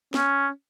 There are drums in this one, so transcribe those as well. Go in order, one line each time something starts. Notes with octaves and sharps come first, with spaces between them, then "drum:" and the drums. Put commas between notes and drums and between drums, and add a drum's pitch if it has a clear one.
C#4, drum: snare